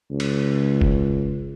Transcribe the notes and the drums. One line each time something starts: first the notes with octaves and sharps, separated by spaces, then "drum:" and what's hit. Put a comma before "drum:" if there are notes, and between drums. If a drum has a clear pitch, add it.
C#2
drum: cymbal
drum: kick F#1